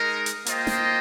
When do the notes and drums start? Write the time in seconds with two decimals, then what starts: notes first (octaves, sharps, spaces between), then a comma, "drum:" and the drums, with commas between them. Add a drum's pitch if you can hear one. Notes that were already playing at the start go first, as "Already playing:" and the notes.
Already playing: G#3 D#4 A#4
0.26 drum: hi-hat
0.46 A#3 F4 C5 D#5 G5, drum: hi-hat
0.67 drum: snare